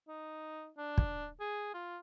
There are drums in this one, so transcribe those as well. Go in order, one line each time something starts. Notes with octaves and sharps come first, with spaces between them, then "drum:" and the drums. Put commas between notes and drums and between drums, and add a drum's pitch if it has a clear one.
D#4
D4
drum: kick
G#4
F4